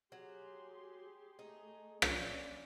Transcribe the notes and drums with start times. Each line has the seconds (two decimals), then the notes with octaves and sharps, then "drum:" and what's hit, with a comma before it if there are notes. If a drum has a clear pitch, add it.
0.12 F#3 G4 G#4 C6
1.39 A3 D#4 G#4
2.02 E3 C#4 C#5 D5, drum: rim click